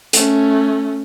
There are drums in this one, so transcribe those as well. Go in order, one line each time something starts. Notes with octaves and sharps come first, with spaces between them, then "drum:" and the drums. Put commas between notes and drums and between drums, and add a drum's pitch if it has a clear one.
A3 C#4, drum: hi-hat